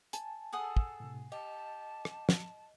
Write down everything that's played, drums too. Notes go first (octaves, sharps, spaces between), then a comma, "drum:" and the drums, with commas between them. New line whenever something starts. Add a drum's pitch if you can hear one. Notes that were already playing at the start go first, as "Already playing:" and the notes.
G#5 A5, drum: hi-hat
G#4 A4 F#5 D#6
drum: kick
A2 C3
G4 D#5 A5
drum: rim click
drum: snare